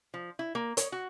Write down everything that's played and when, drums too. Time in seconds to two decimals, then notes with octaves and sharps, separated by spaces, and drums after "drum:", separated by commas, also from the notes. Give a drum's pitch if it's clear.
0.14 F3
0.39 E4
0.55 A#3
0.77 C#5, drum: hi-hat
0.92 F#4